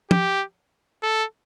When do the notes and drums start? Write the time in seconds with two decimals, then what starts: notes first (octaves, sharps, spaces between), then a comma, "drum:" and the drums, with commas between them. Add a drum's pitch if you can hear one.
0.11 G4, drum: tom
1.03 A4